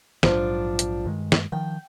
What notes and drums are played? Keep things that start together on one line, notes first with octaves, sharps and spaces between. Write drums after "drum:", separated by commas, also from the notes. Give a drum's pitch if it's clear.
A#1 G#2 F3 F#3 D4, drum: snare
drum: hi-hat
G2 D#3 G#3
drum: snare
D#3 F3 G5